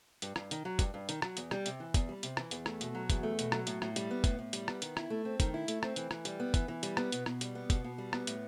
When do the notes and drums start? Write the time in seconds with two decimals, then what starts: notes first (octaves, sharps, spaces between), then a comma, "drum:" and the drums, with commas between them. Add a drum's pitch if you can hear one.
0.22 G2, drum: hi-hat
0.36 G2, drum: rim click
0.51 D#3, drum: hi-hat
0.65 F#3
0.79 G2, drum: kick, hi-hat
0.94 G2
1.09 D#3, drum: hi-hat
1.22 F#3, drum: rim click
1.37 E2, drum: hi-hat
1.51 G3, drum: rim click
1.66 C3, drum: hi-hat
1.80 E3
1.94 E2, drum: kick, hi-hat
2.09 G3
2.23 C3, drum: hi-hat
2.37 E3, drum: rim click
2.51 E2, drum: hi-hat
2.66 A3, drum: rim click
2.81 B2, drum: hi-hat
2.95 F#3
3.10 E2, drum: kick, hi-hat
3.23 A3
3.39 B2, drum: hi-hat
3.52 F#3, drum: rim click
3.67 A2, drum: hi-hat
3.82 A2, drum: rim click
3.96 G3, drum: hi-hat
4.11 B3
4.24 A2, drum: kick, hi-hat
4.39 A2
4.53 G3, drum: hi-hat
4.68 B3, drum: rim click
4.82 D#3, drum: hi-hat
4.97 E4, drum: rim click
5.10 A3
5.25 C4
5.40 D#3, drum: kick, hi-hat
5.54 E4
5.68 A3, drum: hi-hat
5.83 C4, drum: rim click
5.96 E3, drum: hi-hat
6.11 E3, drum: rim click
6.25 G3, drum: hi-hat
6.40 B3
6.54 E3, drum: kick, hi-hat
6.68 E3
6.83 G3, drum: hi-hat
6.97 B3, drum: rim click
7.12 B2, drum: hi-hat
7.26 B2, drum: rim click
7.41 G3, drum: hi-hat
7.55 B3
7.70 B2, drum: kick, hi-hat
7.84 B2
7.98 G3
8.13 B3, drum: rim click
8.27 A2, drum: hi-hat